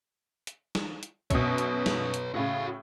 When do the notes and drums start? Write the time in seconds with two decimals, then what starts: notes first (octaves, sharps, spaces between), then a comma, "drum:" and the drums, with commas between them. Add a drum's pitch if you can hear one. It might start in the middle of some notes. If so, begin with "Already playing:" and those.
0.47 drum: hi-hat
0.75 drum: snare
1.03 drum: hi-hat
1.30 F#2 B2 B4 C#5, drum: kick B1, hi-hat
1.58 drum: hi-hat
1.86 drum: snare
2.14 drum: hi-hat
2.34 A2 C#3 F#4 F5